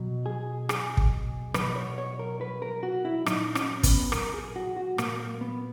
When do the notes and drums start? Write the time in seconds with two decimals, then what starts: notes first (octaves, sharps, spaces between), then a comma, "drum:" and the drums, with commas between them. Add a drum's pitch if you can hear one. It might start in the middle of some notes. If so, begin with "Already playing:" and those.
Already playing: B2 F#3
0.26 G#4
0.69 G#4, drum: rim click
0.97 drum: kick
1.54 B2 F#3 B4, drum: rim click
1.76 C#5
1.98 C#5
2.19 A#4
2.41 B4
2.62 A#4
2.83 F#4
3.05 E4
3.26 A#2 F#3 D#4, drum: rim click
3.55 C#4, drum: rim click
3.83 B3, drum: kick, hi-hat
4.12 A#4, drum: rim click
4.34 G#4
4.56 F#4
4.77 F#4
4.98 A#2 F#3 A#3, drum: rim click
5.20 A#3
5.41 B3